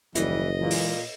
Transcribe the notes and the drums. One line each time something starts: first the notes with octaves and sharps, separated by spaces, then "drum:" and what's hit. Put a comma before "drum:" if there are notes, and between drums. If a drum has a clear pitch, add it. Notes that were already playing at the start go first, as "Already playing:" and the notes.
F#1 D#2 E3 G3 D#5, drum: hi-hat
A#2 E3 G#3
drum: open hi-hat